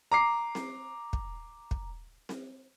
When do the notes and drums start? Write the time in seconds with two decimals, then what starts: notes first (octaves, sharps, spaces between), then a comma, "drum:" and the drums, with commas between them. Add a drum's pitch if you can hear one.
0.11 A#5 D6 C7
0.55 drum: snare C4
1.13 drum: kick
1.71 drum: kick
2.29 drum: snare C4